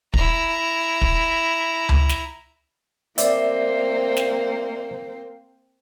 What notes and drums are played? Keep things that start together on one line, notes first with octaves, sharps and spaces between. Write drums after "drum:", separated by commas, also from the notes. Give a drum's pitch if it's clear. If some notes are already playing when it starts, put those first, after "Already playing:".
E4 A#5, drum: kick
drum: kick
drum: tom C#2
drum: snare
A#3 C4 C5 D5 E5, drum: hi-hat
drum: snare